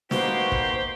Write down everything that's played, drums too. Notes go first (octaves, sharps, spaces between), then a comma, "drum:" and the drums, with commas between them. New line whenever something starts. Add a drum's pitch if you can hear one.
A#3 B3 D#4 F#4 G4 C5, drum: snare
drum: kick